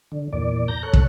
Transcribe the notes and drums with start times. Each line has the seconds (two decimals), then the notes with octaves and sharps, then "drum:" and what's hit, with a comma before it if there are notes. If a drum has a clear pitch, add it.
0.12 D3
0.33 E2 A#2 D5
0.68 A#5 G6 A#6
0.83 A4 C#5 F#6
0.93 drum: kick